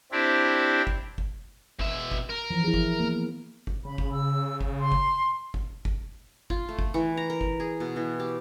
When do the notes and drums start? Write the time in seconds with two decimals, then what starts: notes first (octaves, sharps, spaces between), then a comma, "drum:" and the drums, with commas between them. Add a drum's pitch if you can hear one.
0.12 C4 D4 E4 G4
0.87 drum: kick
1.18 drum: kick
1.79 B2 E5, drum: kick
2.11 drum: kick
2.29 A#4
2.50 E3 F3
2.64 E4 G#4
2.74 drum: kick
3.00 A#3 B3
3.67 drum: kick
3.85 C#3 B5
3.98 drum: kick
4.12 E6
4.61 drum: kick
4.80 C6
4.92 drum: kick
5.54 drum: kick
5.85 drum: kick
6.50 F4, drum: kick
6.69 A3
6.79 drum: kick
6.94 E3
7.17 A#5
7.30 A#4
7.41 drum: kick
7.60 G#4
7.80 B2
7.96 E3
8.20 G4